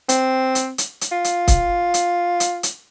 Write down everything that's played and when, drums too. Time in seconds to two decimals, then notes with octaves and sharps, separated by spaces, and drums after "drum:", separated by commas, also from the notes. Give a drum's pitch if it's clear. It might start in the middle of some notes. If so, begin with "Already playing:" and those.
0.09 C4, drum: hi-hat
0.55 drum: hi-hat
0.78 drum: hi-hat
1.01 drum: hi-hat
1.12 F4
1.24 drum: hi-hat
1.48 drum: kick C#1, hi-hat
1.94 drum: hi-hat
2.40 drum: hi-hat
2.63 drum: hi-hat